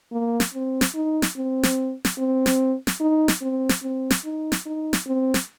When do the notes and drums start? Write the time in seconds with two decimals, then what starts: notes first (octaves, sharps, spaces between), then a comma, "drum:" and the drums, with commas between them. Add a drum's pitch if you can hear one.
0.12 A#3
0.40 drum: snare
0.54 C4
0.81 drum: snare
0.95 D#4
1.22 drum: snare
1.36 C4
1.63 drum: snare
2.05 drum: snare
2.18 C4
2.46 drum: snare
2.87 drum: snare
3.00 D#4
3.28 drum: snare
3.42 C4
3.69 drum: snare
3.83 C4
4.10 drum: snare
4.24 D#4
4.52 drum: snare
4.66 D#4
4.93 drum: snare
5.06 C4
5.34 drum: snare